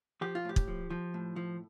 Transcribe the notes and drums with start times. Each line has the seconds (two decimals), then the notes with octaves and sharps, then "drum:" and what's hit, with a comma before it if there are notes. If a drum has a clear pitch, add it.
0.21 F3 G4
0.35 F4
0.45 A2 G4
0.56 drum: kick
0.68 F3
0.90 F3
1.14 A2
1.36 F3